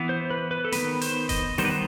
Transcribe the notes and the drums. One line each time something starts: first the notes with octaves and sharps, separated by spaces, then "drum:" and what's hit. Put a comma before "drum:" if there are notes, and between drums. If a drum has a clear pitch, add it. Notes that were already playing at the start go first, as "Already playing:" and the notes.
Already playing: E3 B3
C5
B4
B4
A4
D#3 G3 B3 B4, drum: hi-hat
C5, drum: hi-hat
D#5, drum: kick F1, hi-hat
D#3 G3 B3 C5, drum: open hi-hat
B4
C5